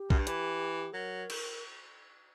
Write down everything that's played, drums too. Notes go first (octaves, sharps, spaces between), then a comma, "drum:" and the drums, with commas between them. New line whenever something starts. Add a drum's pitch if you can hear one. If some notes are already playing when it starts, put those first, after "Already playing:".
Already playing: G4
F#2, drum: kick A#1
G2
E3, drum: hi-hat
F#3 A#4
drum: cymbal